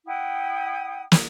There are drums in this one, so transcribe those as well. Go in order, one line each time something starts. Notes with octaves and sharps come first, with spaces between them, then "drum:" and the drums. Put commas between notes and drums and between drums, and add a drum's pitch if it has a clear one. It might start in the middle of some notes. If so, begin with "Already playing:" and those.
E4 F#5 G5 D#6
drum: snare